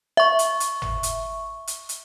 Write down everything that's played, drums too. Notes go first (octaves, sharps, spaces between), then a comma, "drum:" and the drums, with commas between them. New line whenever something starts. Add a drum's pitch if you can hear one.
E5 C#6
drum: hi-hat
drum: hi-hat
drum: tom
drum: hi-hat
drum: hi-hat
drum: hi-hat